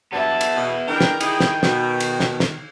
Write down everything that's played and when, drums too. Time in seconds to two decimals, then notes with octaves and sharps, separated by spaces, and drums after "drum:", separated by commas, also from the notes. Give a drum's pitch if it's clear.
0.12 G2 F#3 G3 B3 E5 A5
0.41 drum: cymbal
0.56 B2
0.88 E3 G#3 D4 A#4 G5
1.01 drum: snare
1.21 D#3 D#4 E4 G4 G#4 G5, drum: cymbal
1.40 drum: snare
1.63 B2, drum: snare
2.00 drum: cymbal
2.20 drum: snare
2.40 drum: snare